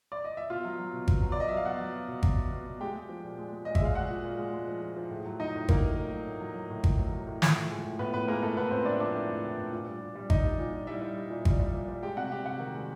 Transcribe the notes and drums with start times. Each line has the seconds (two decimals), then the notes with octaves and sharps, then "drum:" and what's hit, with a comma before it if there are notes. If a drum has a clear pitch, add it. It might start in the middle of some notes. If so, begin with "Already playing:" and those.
0.12 D5
0.25 D#5
0.37 E5
0.50 B2 F4 F5
0.65 F#3
0.79 F#3
0.93 B2
1.08 B2, drum: kick G#1
1.22 F#3
1.32 D5
1.36 F#3 D#5
1.48 F#3 E5
1.57 F5
1.65 B2 F#4 F#5
1.80 F#3
1.94 B2
2.08 B2
2.23 F#3, drum: kick G#1
2.37 B2
2.52 B2
2.66 B2
2.80 G#3 G4 G5
2.95 G#3
3.09 F3
3.23 A#2
3.38 G#3
3.53 G#3
3.65 A#2 D#5
3.75 E5, drum: kick G#1
3.81 G#3 F5
3.95 A#2 F#4 F#5
4.10 A#2
4.24 A#2
4.39 G#3
4.53 G#3
4.68 F3
4.82 F3
4.97 F3
5.11 A2
5.26 F#3
5.40 F#3 D#4 D#5
5.55 A2
5.69 F#3 A#3 A#4, drum: kick G#1
5.83 A2
5.97 A2
6.12 F#3
6.26 A2
6.41 F#3
6.55 F#3
6.70 A2
6.84 F#3, drum: kick G#1
6.98 F#3
7.13 F#3
7.27 A2
7.42 F3, drum: snare
7.56 A2
7.70 G#3
7.85 A2
7.99 A2 B3 B4
8.14 A2 B3 B4
8.28 G#3 A#3 A#4
8.43 A2 A3 A4
8.57 A2 B3 B4
8.71 A2 C4 C5
8.85 A2 D4 D5
9.00 F3 D4 D5
9.15 A2
9.29 A2
9.43 A2
9.57 A2
9.72 A#2
9.86 G3
10.01 A#2
10.15 G3
10.30 G3 D#4 D#5, drum: kick G#1
10.44 G3
10.59 A#2
10.73 A#2
10.87 G3 E4 E5
11.01 G3
11.16 G3
11.30 A#2
11.45 G3, drum: kick G#1
11.60 G3
11.74 A#2
11.88 G3
12.03 G#3 G4 G5
12.17 C3 F#4 F#5
12.31 C3 G4 G5
12.46 C3 F#4 F#5
12.60 D#3
12.75 G#3